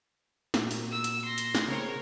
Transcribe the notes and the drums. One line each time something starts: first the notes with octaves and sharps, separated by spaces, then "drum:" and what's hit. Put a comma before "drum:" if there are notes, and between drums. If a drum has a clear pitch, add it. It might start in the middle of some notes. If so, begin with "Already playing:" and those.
A#2 F#4, drum: snare
drum: open hi-hat
E6
drum: hi-hat
C6 A#6
drum: hi-hat
drum: snare
C#3 C4 A#4 C#5